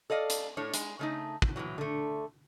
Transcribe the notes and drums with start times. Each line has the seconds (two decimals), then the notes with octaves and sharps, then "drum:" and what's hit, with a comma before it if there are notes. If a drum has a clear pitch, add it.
0.10 A4 D5 D#5 F5
0.30 drum: hi-hat
0.57 A2 A3 D4 C#5
0.74 G#3, drum: hi-hat
0.99 C#3 A3 D#4
1.42 drum: kick
1.56 A2 C3 E3 F#3
1.78 D3 A3